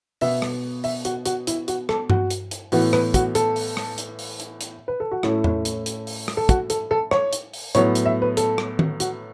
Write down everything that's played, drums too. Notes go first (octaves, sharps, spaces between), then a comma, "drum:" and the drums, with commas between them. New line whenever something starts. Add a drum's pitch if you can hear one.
B2 B3 E5, drum: open hi-hat
drum: rim click
E5, drum: open hi-hat
F#4, drum: hi-hat
F#4, drum: hi-hat
E4, drum: hi-hat
F#4, drum: hi-hat
A4, drum: rim click
F#4, drum: tom G2
drum: hi-hat
drum: hi-hat
A2 E3 B3 F#4, drum: open hi-hat
B4, drum: rim click
F#4, drum: kick, hi-hat
A4, drum: hi-hat
drum: open hi-hat
drum: rim click
drum: hi-hat
drum: open hi-hat
drum: hi-hat
drum: hi-hat
B4
A4
F#4
A2 A3 C#4 E4, drum: rim click
drum: tom E2
drum: hi-hat
drum: hi-hat
drum: open hi-hat
drum: rim click
A4
F#4, drum: kick, hi-hat
A4, drum: hi-hat
A4
C#5, drum: rim click
drum: hi-hat
drum: open hi-hat
A2 F#3 B3 C#5, drum: hi-hat
drum: hi-hat
E5
B4
A4, drum: hi-hat
drum: rim click
drum: tom D#3
F#4, drum: hi-hat